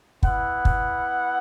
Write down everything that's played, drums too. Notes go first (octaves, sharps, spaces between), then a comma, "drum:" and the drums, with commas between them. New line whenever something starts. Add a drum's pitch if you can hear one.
B3 E4 F#5, drum: kick
drum: kick